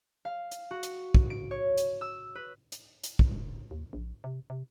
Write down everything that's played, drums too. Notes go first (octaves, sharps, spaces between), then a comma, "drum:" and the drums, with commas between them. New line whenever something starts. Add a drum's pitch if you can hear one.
F5
drum: hi-hat
F#4
drum: hi-hat
drum: kick
D7
C#5
drum: hi-hat
E6
B4
drum: hi-hat
drum: hi-hat
drum: kick
E1
D#2
A#1
C3
C3